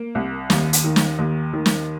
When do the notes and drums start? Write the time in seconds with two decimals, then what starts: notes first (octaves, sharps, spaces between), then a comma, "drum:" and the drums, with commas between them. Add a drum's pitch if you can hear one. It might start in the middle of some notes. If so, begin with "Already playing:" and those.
Already playing: A#3
0.15 C2
0.50 D#2, drum: snare
0.73 drum: hi-hat
0.84 D#3
0.96 drum: snare
1.19 D#2
1.53 D#3
1.66 drum: snare